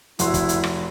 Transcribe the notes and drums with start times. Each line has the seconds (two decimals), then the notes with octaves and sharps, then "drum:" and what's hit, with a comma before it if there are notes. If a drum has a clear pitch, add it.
0.19 F1 E4 F#4 C6, drum: hi-hat
0.34 drum: kick, hi-hat
0.49 drum: hi-hat
0.64 drum: rim click